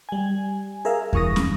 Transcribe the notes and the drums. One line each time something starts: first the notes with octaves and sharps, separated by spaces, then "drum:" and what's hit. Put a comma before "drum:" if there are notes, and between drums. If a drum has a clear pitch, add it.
G3 G#5
G#4 A#4 E5 F5
G2 E3 C#6 D#6 A#6, drum: kick D#2
drum: snare